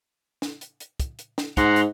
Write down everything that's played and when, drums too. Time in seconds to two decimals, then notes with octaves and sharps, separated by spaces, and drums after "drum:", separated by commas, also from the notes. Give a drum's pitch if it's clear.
0.42 drum: snare
0.61 drum: hi-hat
0.80 drum: hi-hat
1.00 drum: kick, hi-hat
1.19 drum: hi-hat
1.38 drum: snare
1.57 G#2 F#5 A#5 C6, drum: kick, hi-hat
1.76 drum: hi-hat